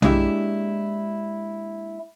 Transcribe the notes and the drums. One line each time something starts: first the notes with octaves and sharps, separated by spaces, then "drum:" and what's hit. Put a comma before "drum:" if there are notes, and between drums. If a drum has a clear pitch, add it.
G#3 A#3 D4 E4 G4 E5, drum: tom B1